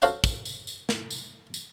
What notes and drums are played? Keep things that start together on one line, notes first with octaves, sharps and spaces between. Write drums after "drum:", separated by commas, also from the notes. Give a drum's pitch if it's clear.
F#4 A4 C5 C#5 F5 F#5, drum: tambourine
drum: kick, tambourine
drum: tambourine
drum: tambourine
drum: snare
drum: tambourine
drum: tambourine